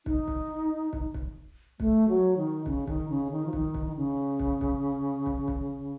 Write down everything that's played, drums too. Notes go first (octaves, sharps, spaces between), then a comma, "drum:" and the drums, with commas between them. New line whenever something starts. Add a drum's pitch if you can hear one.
D#4, drum: kick
drum: kick
drum: kick
drum: kick
A3, drum: kick
F#3
D#3
C#3, drum: kick
D#3, drum: kick
C#3
D#3
F3
D#3, drum: kick
drum: kick
D#3
C#3
drum: kick
drum: kick
drum: kick
drum: kick